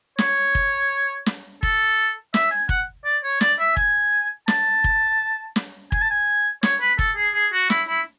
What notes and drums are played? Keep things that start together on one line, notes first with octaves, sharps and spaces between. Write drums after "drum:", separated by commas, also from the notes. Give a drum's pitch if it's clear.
C#5, drum: snare
drum: kick
drum: snare
A4, drum: kick
E5, drum: snare
G#5
F#5, drum: kick
D5
C#5
D5, drum: snare
E5
G#5, drum: kick
A5, drum: snare
drum: kick
drum: snare
G#5, drum: kick
A5
G#5
C#5, drum: snare
B4
A4, drum: kick
G#4
G#4
F#4
E4, drum: snare
E4